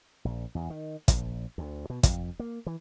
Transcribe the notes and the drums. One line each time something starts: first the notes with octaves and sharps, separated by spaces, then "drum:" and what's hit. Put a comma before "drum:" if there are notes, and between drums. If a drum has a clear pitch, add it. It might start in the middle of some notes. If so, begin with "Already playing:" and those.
A#1
E2
D#3
A#1, drum: kick, hi-hat
D2
B2
F2, drum: kick, hi-hat
A#3
E3